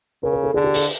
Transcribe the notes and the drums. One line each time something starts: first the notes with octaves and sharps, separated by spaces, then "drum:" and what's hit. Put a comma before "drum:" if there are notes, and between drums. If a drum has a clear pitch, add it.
C#3 A#4
A#4
A4
D3 G#4
G4
G#4, drum: open hi-hat